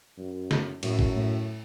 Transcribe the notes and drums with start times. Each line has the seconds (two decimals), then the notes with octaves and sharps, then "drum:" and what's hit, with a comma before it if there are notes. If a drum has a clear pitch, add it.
0.18 F#2
0.51 drum: snare
0.83 F#2 A2, drum: cymbal
0.99 drum: kick
1.15 A2